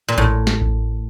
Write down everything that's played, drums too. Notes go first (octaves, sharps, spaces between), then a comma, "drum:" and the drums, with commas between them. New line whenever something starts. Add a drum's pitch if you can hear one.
A#2
A2, drum: kick A1
drum: snare
drum: kick A1